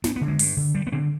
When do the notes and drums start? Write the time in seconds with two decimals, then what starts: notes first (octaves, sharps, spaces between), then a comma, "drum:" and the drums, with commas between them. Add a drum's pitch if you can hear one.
0.04 G2 B3, drum: snare
0.16 B3
0.21 D3
0.28 G#3
0.39 G2, drum: open hi-hat
0.57 D3
0.75 G2 G3
0.87 B3
0.92 D3 C4